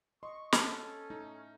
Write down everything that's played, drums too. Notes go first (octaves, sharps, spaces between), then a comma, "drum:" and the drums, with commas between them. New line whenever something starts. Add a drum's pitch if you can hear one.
D#5 C6 C#6
C#4 A4, drum: snare
A3 D#4